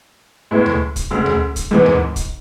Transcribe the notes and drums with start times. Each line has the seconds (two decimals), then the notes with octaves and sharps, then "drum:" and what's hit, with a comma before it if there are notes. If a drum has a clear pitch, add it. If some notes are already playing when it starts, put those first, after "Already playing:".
0.51 A2 G#3 B3 E4
0.66 drum: tom D2
0.96 drum: kick, hi-hat
1.10 D2 C#3 G#3
1.26 drum: tom D2
1.56 drum: kick, hi-hat
1.71 G#1 G#2 E3 G#3 B3
1.86 drum: tom D2
2.16 drum: kick, hi-hat